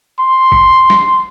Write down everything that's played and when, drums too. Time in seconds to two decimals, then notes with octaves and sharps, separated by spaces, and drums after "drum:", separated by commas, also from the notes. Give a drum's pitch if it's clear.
0.19 C6
0.52 drum: kick G1
0.90 drum: snare